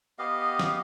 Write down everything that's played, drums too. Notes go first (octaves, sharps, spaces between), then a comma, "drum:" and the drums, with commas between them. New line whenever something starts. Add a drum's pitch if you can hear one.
B3 G4 D#5 F5
drum: snare